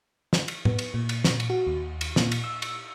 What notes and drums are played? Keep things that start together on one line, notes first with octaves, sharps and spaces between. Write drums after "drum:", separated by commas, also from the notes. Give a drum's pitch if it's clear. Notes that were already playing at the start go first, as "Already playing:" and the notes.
drum: snare
drum: cymbal
B3, drum: tom A2
drum: cymbal
A#2
drum: cymbal
drum: snare
drum: cymbal
F#4
D#2
drum: cymbal
A#2, drum: snare
drum: cymbal
E6
drum: cymbal